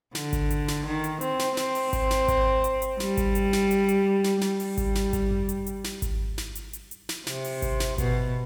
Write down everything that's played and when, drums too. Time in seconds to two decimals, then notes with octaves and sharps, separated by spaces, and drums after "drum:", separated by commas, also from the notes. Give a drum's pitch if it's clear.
0.15 D3, drum: snare
0.33 drum: kick G#1, hi-hat
0.50 drum: hi-hat
0.68 drum: snare
0.86 D#3
1.04 drum: hi-hat
1.21 C4, drum: hi-hat
1.39 drum: snare
1.57 C4, drum: snare
1.75 drum: open hi-hat
1.93 drum: kick G#1, hi-hat
2.11 drum: snare
2.28 drum: kick G#1, hi-hat
2.64 drum: hi-hat
2.82 drum: hi-hat
3.00 G3, drum: snare
3.17 drum: kick G#1, hi-hat
3.35 drum: hi-hat
3.53 drum: snare
3.71 drum: hi-hat
3.89 drum: hi-hat
4.24 drum: snare
4.41 G3, drum: snare
4.60 drum: open hi-hat
4.78 drum: kick G#1, hi-hat
4.95 drum: snare
5.13 drum: kick G#1, hi-hat
5.31 drum: tom F#2
5.49 drum: hi-hat
5.67 drum: hi-hat
5.84 drum: snare
6.02 drum: kick G#1, hi-hat
6.38 drum: snare
6.55 drum: hi-hat
6.73 drum: hi-hat
6.91 drum: hi-hat
7.09 drum: snare
7.27 C3, drum: snare
7.44 drum: open hi-hat
7.62 drum: kick G#1, hi-hat
7.80 drum: snare
7.98 B2, drum: kick G#1, hi-hat